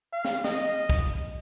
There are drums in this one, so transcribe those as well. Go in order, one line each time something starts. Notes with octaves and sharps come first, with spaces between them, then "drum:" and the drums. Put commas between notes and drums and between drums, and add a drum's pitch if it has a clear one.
F5
drum: snare
D#5, drum: snare
drum: kick